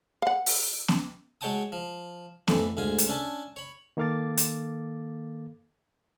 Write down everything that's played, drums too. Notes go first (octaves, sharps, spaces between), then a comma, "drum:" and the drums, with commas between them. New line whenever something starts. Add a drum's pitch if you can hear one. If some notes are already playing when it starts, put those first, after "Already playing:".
F5 F#5
drum: open hi-hat
drum: snare B3
F#3 G#3 C#5 G5 A5 D#6
F3
F2 A2 E3, drum: snare B3
D2 G#2 F4 G#5
drum: hi-hat
C#4 D4 E5 G#5 A5
C#5 B5
D#3 A#3 A4 F5 D6 A6
drum: hi-hat